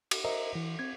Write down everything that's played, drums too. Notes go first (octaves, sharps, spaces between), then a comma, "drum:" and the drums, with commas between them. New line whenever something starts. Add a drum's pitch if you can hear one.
drum: cymbal
A#4 C5 D#5 E5 A#5
E3
C4 G#6